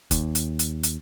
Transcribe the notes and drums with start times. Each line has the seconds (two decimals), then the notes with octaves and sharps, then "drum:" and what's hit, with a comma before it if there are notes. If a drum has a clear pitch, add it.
0.11 D#2, drum: kick F#1, hi-hat
0.35 drum: hi-hat
0.59 drum: hi-hat
0.83 drum: hi-hat